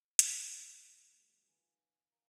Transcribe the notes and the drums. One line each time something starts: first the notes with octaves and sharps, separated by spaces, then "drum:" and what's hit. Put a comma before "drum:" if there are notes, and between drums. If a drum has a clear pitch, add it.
C#3 F#4 A#4 F5 G#5 C#6, drum: hi-hat
D#3
C#3
D#4 A#4 D#5
A#3
G#3
F#3
F3
D#3 F4 B4 F5 G#5
A#4 F5 A#5